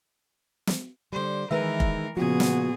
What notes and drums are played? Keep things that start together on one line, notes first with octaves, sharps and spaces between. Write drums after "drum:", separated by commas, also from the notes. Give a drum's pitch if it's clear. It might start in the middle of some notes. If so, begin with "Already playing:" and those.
drum: snare
D3 G3 C5
D#3 E3 G#3 A#4 B4 E5
drum: kick F1
A#2 C#3 F3 B3 F#4 G#4
drum: snare